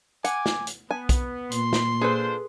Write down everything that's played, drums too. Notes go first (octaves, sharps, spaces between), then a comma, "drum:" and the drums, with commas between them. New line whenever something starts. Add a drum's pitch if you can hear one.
F#5 G#5 D6, drum: hi-hat
drum: snare
drum: hi-hat
B3 G#5
drum: kick B1, hi-hat
A#2 C6, drum: hi-hat
drum: snare
D4 F4 G#4 A4 B4 C5